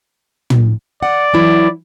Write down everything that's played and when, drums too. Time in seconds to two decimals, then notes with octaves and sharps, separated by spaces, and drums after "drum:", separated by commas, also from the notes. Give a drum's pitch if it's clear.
0.50 drum: tom
1.03 D5 F#5
1.34 E3 F#3 E4